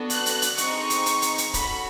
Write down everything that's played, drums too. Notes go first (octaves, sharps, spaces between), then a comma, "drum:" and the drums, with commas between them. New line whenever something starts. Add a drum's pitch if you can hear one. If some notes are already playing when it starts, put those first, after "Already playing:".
Already playing: B3 D4 F#4 A4
F#6, drum: hi-hat
drum: hi-hat
drum: hi-hat
C4 D#4 G#4 C#6, drum: hi-hat
drum: hi-hat
drum: hi-hat
drum: hi-hat
drum: hi-hat
C#4 F#4 A4 B5, drum: kick, hi-hat